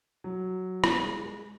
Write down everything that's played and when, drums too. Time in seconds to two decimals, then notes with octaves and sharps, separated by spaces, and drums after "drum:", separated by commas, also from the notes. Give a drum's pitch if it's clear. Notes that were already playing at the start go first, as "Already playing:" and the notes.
0.24 F#3
0.84 drum: rim click
1.00 G3
1.06 G#3
1.26 G#3